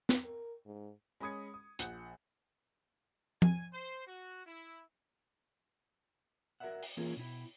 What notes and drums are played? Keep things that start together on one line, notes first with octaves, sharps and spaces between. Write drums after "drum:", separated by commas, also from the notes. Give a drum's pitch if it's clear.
drum: snare
A#4
G#2
G#3 C#4 B5 D#6 G#6 C#7
D#6
A#1 F#5 F#6 G6 C#7, drum: hi-hat
G#5, drum: tom F3
C5
F#4
E4
F#4 A#4 C5 D5 E5 F#5
drum: open hi-hat
E3 A#3 C#4 F4 G#4 A#4
B2 E4